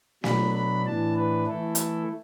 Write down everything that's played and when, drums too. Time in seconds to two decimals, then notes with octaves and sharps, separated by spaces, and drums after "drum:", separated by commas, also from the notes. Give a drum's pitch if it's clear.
0.24 B2 F#3 D4 B5, drum: snare
0.54 B5
0.85 A2 E3 D4 A5
1.16 B4
1.47 E3 A3 E4 A4
1.75 drum: hi-hat